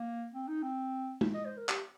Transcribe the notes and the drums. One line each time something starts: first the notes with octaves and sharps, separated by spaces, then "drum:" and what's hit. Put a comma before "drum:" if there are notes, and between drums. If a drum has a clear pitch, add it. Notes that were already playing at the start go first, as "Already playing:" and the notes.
Already playing: A#3
C4
D#4
C4
drum: tom
D#5
C5
A#4
G4, drum: clap